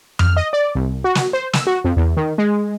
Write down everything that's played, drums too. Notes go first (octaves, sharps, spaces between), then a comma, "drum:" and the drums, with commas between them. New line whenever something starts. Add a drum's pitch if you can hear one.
F6, drum: tom F2
D#5
D5
C2
F#4
drum: snare
C5
E6, drum: snare
F#4
F2
E2
D#3
G#3